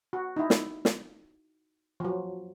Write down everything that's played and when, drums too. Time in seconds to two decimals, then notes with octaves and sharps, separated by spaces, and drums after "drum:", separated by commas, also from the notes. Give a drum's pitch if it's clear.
0.13 F#4
0.37 D#4 E4
0.50 drum: snare
0.85 drum: snare
2.00 F3 F#3